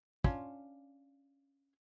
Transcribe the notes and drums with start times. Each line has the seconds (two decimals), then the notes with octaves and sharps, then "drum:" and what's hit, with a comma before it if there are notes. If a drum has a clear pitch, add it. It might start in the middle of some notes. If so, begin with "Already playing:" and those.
0.24 C#4 D4 F4, drum: kick